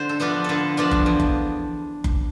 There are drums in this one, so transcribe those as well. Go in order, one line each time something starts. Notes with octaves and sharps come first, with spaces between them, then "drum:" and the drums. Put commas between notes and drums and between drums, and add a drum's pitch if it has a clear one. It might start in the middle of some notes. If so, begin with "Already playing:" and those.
Already playing: D3 C5
A4
F3 B3 D4 F4 B4
D3 A4 B4
F3 B3 D4 F4
drum: kick F#1
E2
drum: kick F#1
drum: kick F#1